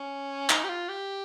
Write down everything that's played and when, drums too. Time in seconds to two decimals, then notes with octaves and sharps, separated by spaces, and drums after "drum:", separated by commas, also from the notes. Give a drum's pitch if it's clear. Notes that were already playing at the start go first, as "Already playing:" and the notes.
Already playing: C#4
0.49 D#4, drum: clap
0.64 G4
0.69 F4
0.88 G4